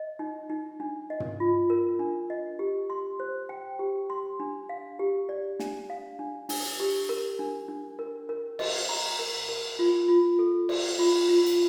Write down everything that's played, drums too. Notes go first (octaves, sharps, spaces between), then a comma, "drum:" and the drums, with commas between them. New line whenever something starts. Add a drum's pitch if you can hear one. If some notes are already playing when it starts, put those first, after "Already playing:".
Already playing: D#5
D#4
D#4
D4
D#5
drum: tom
F4
A#4
D4
D#5
G4
C6
C5
G5
G4
C6
D4
F5
G4
D5
D4, drum: snare
F5
D4
D4, drum: open hi-hat
G4
A#4
D4
D4
A#4
A#4
D#5, drum: cymbal
A#5
A#4
A#4
F4
F4
A4
D5, drum: cymbal
F4
F4
drum: hi-hat